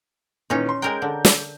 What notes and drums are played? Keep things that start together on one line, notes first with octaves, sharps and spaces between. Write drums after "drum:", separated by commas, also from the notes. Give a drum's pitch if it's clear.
A#2 D#3 E3 C#4 D#4
C6
G#3 A#4 G5 A#5 G6
D3
drum: snare